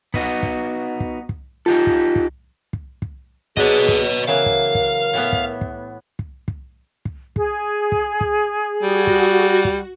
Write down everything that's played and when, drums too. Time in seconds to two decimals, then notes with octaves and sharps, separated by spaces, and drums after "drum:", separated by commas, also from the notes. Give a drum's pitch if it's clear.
0.14 B3 D#4 F#4, drum: kick
0.43 drum: kick
1.00 drum: kick
1.29 drum: kick
1.66 D#4 F4 G4 A4
1.87 drum: kick
2.16 drum: kick
2.73 drum: kick
3.02 drum: kick
3.57 B2 F#3 D4 G#4 B4 D#5, drum: kick
3.88 drum: kick
4.28 C#3 E3 F#3 A#4 F5
4.46 drum: kick
4.75 drum: kick
5.14 A2 E3 B3
5.33 drum: kick
5.61 drum: kick
6.19 drum: kick
6.48 drum: kick
7.05 drum: kick
7.36 G#4, drum: kick
7.92 drum: kick
8.21 drum: kick
8.82 G3 F#4
9.07 drum: kick
9.65 drum: kick